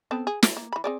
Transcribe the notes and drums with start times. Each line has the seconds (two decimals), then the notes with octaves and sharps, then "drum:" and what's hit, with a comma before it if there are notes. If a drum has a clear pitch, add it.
0.11 B3 C4 A4
0.27 G#4
0.43 F#3, drum: snare
0.57 A#3
0.73 E3 B5
0.84 C4 G#4 D5